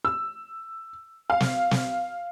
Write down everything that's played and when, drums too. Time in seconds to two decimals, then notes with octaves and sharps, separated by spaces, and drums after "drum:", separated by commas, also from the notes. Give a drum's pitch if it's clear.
0.05 E6
1.30 F5
1.40 drum: snare
1.71 drum: snare